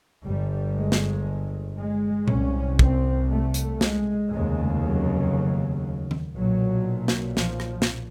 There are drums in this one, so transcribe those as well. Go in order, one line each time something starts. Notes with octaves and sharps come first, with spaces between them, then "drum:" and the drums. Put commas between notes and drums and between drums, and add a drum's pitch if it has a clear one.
G1 G2 G3
G#3
drum: snare
G#3
C2 C3 C#4, drum: tom A#2
C4, drum: kick
A3
drum: hi-hat
G#3, drum: snare
F1 D#2 C#3 G#3
F#3
drum: tom D#3
B1 A#2 F#3
drum: snare
F3, drum: snare
drum: rim click
drum: snare